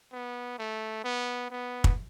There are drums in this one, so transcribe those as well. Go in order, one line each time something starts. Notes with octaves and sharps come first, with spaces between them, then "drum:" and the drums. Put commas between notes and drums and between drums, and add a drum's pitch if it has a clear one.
B3
A3
B3
B3
drum: kick